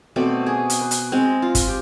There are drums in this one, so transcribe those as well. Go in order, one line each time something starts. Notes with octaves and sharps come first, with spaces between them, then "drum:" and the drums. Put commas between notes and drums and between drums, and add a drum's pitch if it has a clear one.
B2 A3 C4 D5
G#4
drum: hi-hat
B4
drum: hi-hat
G#3 C4
F4
drum: kick G1, hi-hat
G4